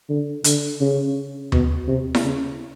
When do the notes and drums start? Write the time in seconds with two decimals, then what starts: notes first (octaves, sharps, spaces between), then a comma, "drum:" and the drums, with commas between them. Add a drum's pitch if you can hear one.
0.09 D3
0.44 D3, drum: hi-hat
0.80 C#3
1.52 B2, drum: tom D#2
1.88 C3
2.15 drum: snare E4
2.24 C#3